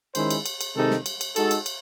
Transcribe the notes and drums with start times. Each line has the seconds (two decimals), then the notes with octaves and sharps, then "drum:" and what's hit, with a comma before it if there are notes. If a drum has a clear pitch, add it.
0.15 D#3 G#3 C#4 E4 C5, drum: cymbal
0.31 drum: cymbal
0.46 drum: cymbal
0.61 drum: cymbal
0.76 C3 D#3 G#3 D#4 A4
0.91 drum: snare
1.06 drum: cymbal
1.21 drum: cymbal
1.36 G#3 D#4 F#4 A4, drum: cymbal
1.51 drum: cymbal
1.66 drum: cymbal